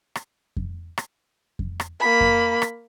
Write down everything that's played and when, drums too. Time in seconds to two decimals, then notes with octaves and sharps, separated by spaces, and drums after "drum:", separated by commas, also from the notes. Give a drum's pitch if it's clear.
0.15 drum: rim click
0.57 drum: kick F2
0.98 drum: rim click
1.59 drum: kick F2
1.80 drum: rim click
2.00 A#3 B5
2.21 drum: kick F2
2.62 drum: rim click